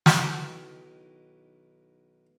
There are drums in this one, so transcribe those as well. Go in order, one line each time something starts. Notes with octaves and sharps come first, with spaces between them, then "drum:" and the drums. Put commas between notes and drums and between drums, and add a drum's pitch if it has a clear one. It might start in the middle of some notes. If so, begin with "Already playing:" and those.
B1 D#3 E4 F#4 G5, drum: snare